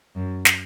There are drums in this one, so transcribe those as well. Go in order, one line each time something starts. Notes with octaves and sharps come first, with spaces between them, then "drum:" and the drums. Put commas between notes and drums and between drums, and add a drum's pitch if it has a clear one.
F#2
drum: snare